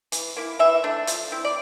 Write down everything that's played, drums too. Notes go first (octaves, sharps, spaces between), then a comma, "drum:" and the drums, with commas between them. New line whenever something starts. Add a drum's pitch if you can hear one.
E3, drum: hi-hat
A#3 E4
E3 E5
A3 D4
F3, drum: hi-hat
C4 E4
D5